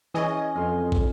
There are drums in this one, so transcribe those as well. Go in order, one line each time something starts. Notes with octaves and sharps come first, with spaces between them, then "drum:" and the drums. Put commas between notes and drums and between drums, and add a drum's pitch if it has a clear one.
E3 C#4 G#4 D#5 G#5
F2 F5 C6
drum: kick